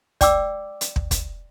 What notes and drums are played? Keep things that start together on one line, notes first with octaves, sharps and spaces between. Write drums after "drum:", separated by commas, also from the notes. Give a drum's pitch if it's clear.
D5 G5 D6 E6, drum: kick, hi-hat
drum: hi-hat
drum: kick
drum: kick, hi-hat